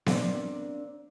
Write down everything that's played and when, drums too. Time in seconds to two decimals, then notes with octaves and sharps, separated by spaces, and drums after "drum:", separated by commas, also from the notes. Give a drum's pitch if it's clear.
0.06 A#3 C4 D4, drum: snare B3